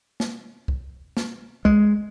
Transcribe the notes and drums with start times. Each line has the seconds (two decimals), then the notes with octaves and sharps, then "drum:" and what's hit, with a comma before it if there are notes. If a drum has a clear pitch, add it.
0.20 drum: snare
0.68 drum: kick
1.17 drum: snare
1.65 G#3, drum: kick